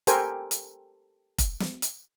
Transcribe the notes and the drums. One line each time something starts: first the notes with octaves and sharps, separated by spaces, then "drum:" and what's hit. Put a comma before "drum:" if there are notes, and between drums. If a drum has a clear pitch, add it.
G4 A4 A#4 C5 G5 G#5, drum: hi-hat
drum: hi-hat
drum: kick F1, hi-hat
drum: snare
drum: hi-hat